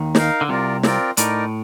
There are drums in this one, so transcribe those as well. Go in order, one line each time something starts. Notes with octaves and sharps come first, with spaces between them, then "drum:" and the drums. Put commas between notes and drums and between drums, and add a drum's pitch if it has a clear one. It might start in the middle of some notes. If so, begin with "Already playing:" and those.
Already playing: D#2 D#3
D#4 A#4 F5, drum: snare
D3
C2 C3 F4 A#4 D5
C4 F4 A#4 D5 G5, drum: snare
A2 D#4 A#4 D5, drum: hi-hat